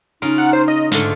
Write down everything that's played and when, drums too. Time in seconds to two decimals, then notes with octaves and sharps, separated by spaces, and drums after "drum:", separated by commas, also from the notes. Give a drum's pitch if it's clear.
0.22 C#3 D#4 F4 A#4
0.38 F#5
0.53 C5
0.68 D#5
0.92 G#2 D3 A3 F4, drum: hi-hat